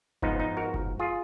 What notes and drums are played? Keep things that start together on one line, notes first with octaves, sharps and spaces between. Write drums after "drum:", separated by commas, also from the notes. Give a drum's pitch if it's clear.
G#2 F3 B3 D#4, drum: kick F#1
D#4
F#4 A#4
drum: kick F#1
F4 G#4